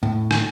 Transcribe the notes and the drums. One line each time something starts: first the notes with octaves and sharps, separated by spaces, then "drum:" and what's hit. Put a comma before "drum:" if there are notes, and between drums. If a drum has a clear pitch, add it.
A2
drum: rim click